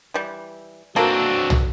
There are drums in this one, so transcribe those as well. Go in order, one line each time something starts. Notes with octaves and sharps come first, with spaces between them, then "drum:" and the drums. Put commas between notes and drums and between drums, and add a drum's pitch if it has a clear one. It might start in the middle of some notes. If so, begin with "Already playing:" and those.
E3 G3
E3 A#3 C4 D4 F#4 A4
drum: tom